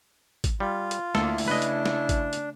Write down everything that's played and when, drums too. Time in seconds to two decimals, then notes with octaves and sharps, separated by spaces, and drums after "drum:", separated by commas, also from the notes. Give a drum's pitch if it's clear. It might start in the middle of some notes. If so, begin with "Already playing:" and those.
0.44 drum: kick G#1, hi-hat
0.60 G3 F4
0.91 drum: hi-hat
1.15 D2 A#3 E4 A4, drum: snare
1.38 drum: open hi-hat
1.48 C#3 A3 D4 B4 D#5
1.62 drum: hi-hat
1.86 drum: snare
2.09 drum: kick G#1, hi-hat
2.33 drum: hi-hat